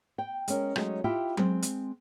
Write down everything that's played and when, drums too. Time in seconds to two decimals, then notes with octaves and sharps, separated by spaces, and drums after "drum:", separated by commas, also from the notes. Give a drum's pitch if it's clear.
0.18 G5
0.48 G#3 C#4 A#4, drum: hi-hat
0.76 F#3 G#3 A3 C#4 D#4, drum: rim click
1.04 E4 F4 G4 E5 G5
1.37 G#3 C4, drum: tom F#3
1.62 drum: hi-hat